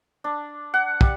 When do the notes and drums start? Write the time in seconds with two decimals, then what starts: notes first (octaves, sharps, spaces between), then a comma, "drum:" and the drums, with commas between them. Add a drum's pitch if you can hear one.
0.24 D4
0.74 F#5
1.01 G3, drum: kick